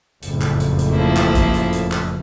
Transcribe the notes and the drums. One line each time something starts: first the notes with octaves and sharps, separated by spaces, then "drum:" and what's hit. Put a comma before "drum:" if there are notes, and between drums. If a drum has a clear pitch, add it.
F#1 F2 A2, drum: hi-hat
drum: clap
drum: hi-hat
drum: hi-hat
F3 A#3 E4
drum: clap
drum: kick A#1, hi-hat
drum: hi-hat
drum: hi-hat
drum: clap